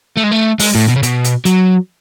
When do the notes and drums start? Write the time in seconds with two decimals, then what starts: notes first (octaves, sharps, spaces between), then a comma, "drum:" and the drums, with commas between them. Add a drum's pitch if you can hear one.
0.17 A3
0.23 G#3
0.31 A3
0.59 G#3, drum: open hi-hat
0.75 A2
0.88 B2
0.96 C#3
1.03 B2, drum: hi-hat
1.24 drum: hi-hat
1.45 F#3, drum: hi-hat